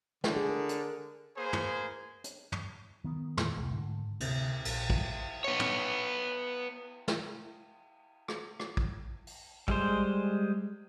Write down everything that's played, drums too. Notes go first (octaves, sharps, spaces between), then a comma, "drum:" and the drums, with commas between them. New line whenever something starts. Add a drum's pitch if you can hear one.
D3, drum: snare
G#4
A#4
drum: hi-hat
A#3 G#4 B4 C5 G#5
drum: tom
drum: hi-hat
drum: tom
D#3 B3
F2 A#2 D#3 F3, drum: snare
E1 C2 A3
G#2 D3
D2 C3, drum: cymbal
A#1, drum: cymbal
drum: kick
B3 C#5
drum: tom
drum: snare
drum: rim click
drum: rim click
drum: kick
drum: open hi-hat
G3 G#3 C5, drum: kick